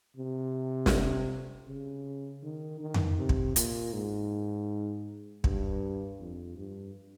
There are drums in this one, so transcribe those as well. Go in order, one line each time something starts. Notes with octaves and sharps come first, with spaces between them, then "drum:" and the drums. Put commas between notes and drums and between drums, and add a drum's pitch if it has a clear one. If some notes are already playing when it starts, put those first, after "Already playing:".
C3
drum: snare
C#3
D#3
D#3
drum: tom F2
C3
drum: kick
A#2, drum: hi-hat
G#2
G2, drum: kick
F2
G2